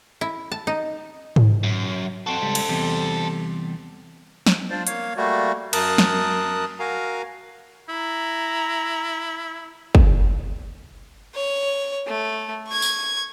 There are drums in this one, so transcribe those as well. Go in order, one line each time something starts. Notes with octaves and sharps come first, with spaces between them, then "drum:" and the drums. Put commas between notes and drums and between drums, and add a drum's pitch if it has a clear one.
E4
A5
D#4
drum: tom G#2
F#2
C4 F#4 A4 C5
C#2 G3
drum: cymbal
E2 C3 G3
drum: snare
D4 F4 C5 D5
A#3 C#5 F5, drum: hi-hat
G3 A3 A#3 F#4
F#2 A#4 A5 D#6 F#6, drum: cymbal
drum: snare
F#4 A#4 F5 G#5 A#5
E4 A#5
drum: kick
C#5
A3
C#6 G#6
drum: tambourine